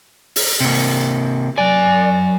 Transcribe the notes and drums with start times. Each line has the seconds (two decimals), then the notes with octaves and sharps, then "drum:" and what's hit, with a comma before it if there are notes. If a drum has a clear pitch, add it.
0.36 drum: open hi-hat
0.61 C3 A#3
1.58 F#3 D5 G#5